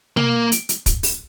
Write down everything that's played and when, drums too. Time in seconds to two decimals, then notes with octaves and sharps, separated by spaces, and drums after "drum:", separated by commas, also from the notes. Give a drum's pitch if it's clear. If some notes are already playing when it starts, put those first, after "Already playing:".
0.17 A#3, drum: tom B2
0.52 drum: hi-hat
0.69 drum: hi-hat
0.86 drum: kick, hi-hat
1.03 drum: open hi-hat